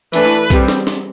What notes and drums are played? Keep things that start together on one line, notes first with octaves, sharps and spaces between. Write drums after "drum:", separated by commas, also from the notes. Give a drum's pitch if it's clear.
E3 A3 D4 B4, drum: hi-hat
G3 C4, drum: kick B1, hi-hat
drum: snare
drum: snare